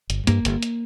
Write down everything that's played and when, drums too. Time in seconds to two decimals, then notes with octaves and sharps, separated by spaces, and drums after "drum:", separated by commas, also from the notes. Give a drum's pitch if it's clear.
0.10 G1, drum: hi-hat
0.27 G2 A#3, drum: hi-hat
0.45 G1, drum: hi-hat
0.63 drum: hi-hat